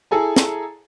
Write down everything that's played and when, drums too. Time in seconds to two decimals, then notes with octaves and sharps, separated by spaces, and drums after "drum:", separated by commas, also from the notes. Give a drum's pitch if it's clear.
0.11 E4 G#4 A4 G#5 A#5
0.36 drum: snare